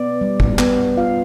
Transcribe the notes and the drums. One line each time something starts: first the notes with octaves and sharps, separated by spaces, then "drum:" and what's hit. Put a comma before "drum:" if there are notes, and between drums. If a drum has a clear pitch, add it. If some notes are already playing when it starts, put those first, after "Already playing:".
Already playing: B3 D5
G3
drum: kick F#1
B3, drum: clap
F4 F5